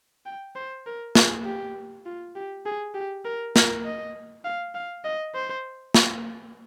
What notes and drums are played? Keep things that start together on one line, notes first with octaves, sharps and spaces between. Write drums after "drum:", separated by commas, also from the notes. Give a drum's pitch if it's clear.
G5
C5
A#4
G#4, drum: snare
G4
F4
G4
G#4
G4
A#4
A#4, drum: snare
D#5
F5
F5
D#5
C5
drum: snare